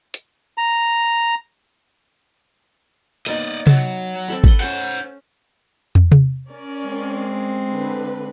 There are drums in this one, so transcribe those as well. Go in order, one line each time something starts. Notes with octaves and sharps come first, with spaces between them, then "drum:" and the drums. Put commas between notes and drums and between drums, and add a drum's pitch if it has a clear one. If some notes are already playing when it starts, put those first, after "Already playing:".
drum: hi-hat
A#5
A#3 B3 D#4 D5 D#5, drum: hi-hat
F#3 A5, drum: tom C3
C4 A4 B5
B4 F#5 C6, drum: kick
C#4 C5 F#5 C6
drum: tom
drum: tom C3
C#4 A#4 D5
G#3 C4
D3 B4